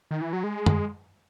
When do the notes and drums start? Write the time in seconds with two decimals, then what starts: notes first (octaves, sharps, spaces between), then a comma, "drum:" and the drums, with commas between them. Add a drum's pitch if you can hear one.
0.11 D#3
0.21 E3
0.33 F#3
0.44 G#3
0.66 drum: tom